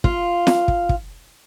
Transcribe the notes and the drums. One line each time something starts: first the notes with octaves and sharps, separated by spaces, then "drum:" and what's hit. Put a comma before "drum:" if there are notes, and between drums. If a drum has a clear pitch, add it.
F4, drum: kick
drum: snare
drum: kick
drum: kick